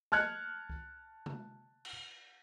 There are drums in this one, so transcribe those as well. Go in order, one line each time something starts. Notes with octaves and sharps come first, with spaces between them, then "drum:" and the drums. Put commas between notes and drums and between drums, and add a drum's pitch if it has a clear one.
A5 F6 F#6 G#6 C#7, drum: snare
drum: kick C2
drum: tom C3
drum: cymbal